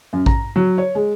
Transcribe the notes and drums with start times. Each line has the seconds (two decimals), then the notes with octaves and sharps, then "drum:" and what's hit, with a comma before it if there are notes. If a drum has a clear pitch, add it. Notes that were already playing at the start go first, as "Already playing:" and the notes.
0.13 F#2
0.26 A#5, drum: kick A1
0.56 F#3
0.78 C#5
0.95 G#3